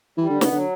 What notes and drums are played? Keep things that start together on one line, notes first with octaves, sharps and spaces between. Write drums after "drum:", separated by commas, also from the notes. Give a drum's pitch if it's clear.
E3 G3
D3
B3
C#3, drum: snare
D3 F#3